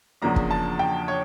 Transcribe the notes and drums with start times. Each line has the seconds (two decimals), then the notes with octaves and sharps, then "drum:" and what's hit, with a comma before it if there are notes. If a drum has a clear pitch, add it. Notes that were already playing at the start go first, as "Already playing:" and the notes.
0.22 E2 C#3 F3 A#3 D4 A#5
0.36 drum: kick
0.51 A5
0.79 G5
1.08 C#5